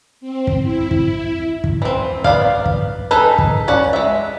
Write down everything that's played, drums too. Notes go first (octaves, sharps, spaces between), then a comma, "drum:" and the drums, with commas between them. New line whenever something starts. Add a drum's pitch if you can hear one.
C4
drum: kick
E4
drum: kick
drum: kick
E3 C4
B3 D5 F5, drum: kick
drum: kick
D#4 G#4 A4 B4
drum: kick
C#4 F#4 D5 F#5
G#3 E5